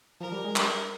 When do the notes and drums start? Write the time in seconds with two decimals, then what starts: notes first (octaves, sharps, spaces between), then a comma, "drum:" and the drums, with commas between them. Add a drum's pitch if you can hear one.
0.20 F3 A#4
0.32 G3
0.44 G#3
0.56 G3, drum: clap